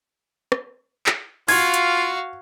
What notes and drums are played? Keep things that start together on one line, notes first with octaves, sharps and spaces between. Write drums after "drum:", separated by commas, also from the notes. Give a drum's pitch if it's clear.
drum: rim click
drum: clap
F4 F#4 F5 G#6, drum: open hi-hat
drum: hi-hat